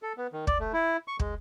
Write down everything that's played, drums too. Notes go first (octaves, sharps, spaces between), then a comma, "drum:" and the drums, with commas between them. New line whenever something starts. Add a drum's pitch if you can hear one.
A4
B3
D#3
D5, drum: kick
A3
E4
C#6
G#3, drum: kick